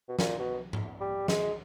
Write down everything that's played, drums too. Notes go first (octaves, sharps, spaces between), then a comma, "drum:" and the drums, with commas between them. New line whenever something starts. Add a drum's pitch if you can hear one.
B2
A#2, drum: snare
B2
drum: tom G#2
G3
G#3, drum: snare